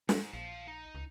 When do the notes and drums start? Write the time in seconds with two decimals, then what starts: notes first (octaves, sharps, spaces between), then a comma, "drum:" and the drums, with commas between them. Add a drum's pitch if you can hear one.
0.09 G#2 G#3, drum: snare
0.34 A#1 F5 A5
0.68 D#4
0.95 C#2